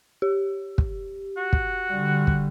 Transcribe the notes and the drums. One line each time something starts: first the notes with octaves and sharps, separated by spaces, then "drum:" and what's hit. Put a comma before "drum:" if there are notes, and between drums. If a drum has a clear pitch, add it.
G4
drum: kick
F#4
drum: kick
D3 G3
drum: kick